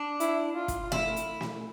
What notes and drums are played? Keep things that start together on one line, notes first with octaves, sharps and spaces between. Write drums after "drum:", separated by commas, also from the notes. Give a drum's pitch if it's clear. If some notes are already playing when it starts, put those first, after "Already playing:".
Already playing: D4
E4, drum: hi-hat
F4
drum: kick, hi-hat
E4, drum: snare
drum: hi-hat
drum: snare